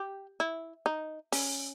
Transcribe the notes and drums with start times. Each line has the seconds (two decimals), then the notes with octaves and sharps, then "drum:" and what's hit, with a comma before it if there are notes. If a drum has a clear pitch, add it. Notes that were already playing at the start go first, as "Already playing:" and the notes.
Already playing: G4
0.40 E4
0.86 D#4
1.32 C#4, drum: open hi-hat